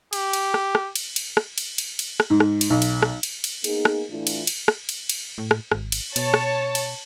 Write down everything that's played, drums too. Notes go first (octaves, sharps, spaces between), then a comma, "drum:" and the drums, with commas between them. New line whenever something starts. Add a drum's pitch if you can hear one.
G4, drum: cymbal
drum: cymbal
drum: rim click
drum: rim click
drum: cymbal
drum: cymbal
drum: rim click
drum: cymbal
drum: cymbal
drum: cymbal
drum: rim click
G#2
drum: rim click
drum: cymbal
B1
drum: cymbal
drum: rim click
drum: cymbal
drum: cymbal
A#3 B3 D#4 G#4, drum: cymbal
drum: rim click
A2 E3 A3 D4 F4
drum: cymbal
drum: cymbal
drum: rim click
drum: cymbal
drum: cymbal
A2
drum: rim click
G#1, drum: rim click
drum: cymbal
B2 C#5 A5, drum: cymbal
drum: rim click
drum: cymbal